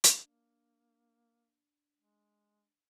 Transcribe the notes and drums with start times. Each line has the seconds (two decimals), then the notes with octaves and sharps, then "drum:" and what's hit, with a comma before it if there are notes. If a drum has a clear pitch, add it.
0.04 drum: hi-hat
0.21 A#3 D4
1.97 G#3